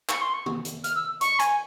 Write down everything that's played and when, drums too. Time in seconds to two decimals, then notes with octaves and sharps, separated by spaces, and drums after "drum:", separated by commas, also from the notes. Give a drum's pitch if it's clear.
0.09 C#6, drum: clap
0.21 C6
0.33 C#6
0.46 drum: tom
0.65 drum: hi-hat
0.84 F6, drum: hi-hat
0.95 E6
1.21 C#6, drum: hi-hat
1.39 G#5, drum: hi-hat